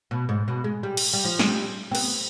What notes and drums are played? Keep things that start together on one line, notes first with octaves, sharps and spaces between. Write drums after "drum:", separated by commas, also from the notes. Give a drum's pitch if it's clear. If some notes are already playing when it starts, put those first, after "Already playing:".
B2
G#2
B2
G#3
G3
drum: cymbal
G3
F3
G#3, drum: snare
G3
C4
B3, drum: cymbal